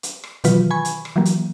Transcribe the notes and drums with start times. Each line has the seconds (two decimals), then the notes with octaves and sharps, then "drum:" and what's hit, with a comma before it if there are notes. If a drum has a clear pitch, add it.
0.03 drum: hi-hat
0.24 drum: rim click
0.44 B2 D#3 E3 F#3 F4 B4, drum: hi-hat
0.71 G#5 B5 C#6 G#6
0.85 drum: hi-hat
1.05 drum: rim click
1.16 E3 F#3 G3 A#3
1.25 drum: hi-hat